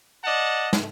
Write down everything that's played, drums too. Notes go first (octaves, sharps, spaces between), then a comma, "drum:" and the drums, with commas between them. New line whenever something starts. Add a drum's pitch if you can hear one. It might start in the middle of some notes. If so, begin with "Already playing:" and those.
D5 D#5 F#5 A5
drum: snare